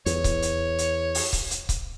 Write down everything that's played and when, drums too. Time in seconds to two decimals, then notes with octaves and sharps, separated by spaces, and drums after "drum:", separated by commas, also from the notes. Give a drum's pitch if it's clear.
0.06 E2 C#5, drum: hi-hat
0.24 drum: kick C#1, hi-hat
0.42 drum: hi-hat
0.78 drum: hi-hat
1.15 drum: open hi-hat
1.33 drum: kick C#1, hi-hat
1.51 drum: hi-hat
1.69 drum: kick C#1, hi-hat